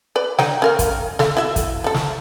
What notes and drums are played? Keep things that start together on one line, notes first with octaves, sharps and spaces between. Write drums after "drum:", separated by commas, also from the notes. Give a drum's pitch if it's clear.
B4 D5
D3 D#4 G5, drum: snare
C#4 A#4 F5
drum: kick, hi-hat
A4 E5 F5, drum: snare
E4 F#4 E5
drum: kick, hi-hat
F3 A4
drum: snare